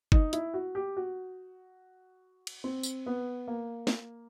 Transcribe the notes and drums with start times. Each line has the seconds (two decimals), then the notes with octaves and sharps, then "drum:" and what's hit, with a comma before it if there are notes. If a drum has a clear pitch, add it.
0.12 D#4, drum: kick F#1
0.33 E4, drum: hi-hat
0.54 F#4
0.75 G4
0.97 F#4
2.47 drum: cymbal
2.64 C4
2.83 drum: tambourine
3.06 B3
3.48 A#3
3.87 drum: snare